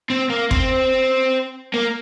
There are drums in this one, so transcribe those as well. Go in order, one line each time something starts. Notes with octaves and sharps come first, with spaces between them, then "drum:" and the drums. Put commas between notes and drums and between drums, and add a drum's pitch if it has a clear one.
C4
A#3
C4, drum: kick
A#3